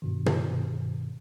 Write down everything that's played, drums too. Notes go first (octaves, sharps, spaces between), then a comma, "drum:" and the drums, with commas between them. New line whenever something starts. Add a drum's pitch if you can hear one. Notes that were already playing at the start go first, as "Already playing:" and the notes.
G2 B2 D#3
drum: tom